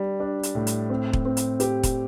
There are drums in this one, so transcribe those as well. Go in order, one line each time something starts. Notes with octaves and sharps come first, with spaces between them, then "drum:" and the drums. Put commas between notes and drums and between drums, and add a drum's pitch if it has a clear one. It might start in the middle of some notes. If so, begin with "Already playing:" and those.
Already playing: G3 D4
D4
drum: hi-hat
A2
drum: hi-hat
C4
drum: kick E1
C4
drum: hi-hat
G4, drum: hi-hat
drum: kick E1, hi-hat